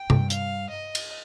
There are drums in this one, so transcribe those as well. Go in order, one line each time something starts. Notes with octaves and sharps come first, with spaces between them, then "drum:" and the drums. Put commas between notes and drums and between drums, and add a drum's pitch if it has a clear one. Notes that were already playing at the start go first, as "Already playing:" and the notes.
Already playing: G5
G2, drum: tom C3
F5, drum: hi-hat
D#5
drum: cymbal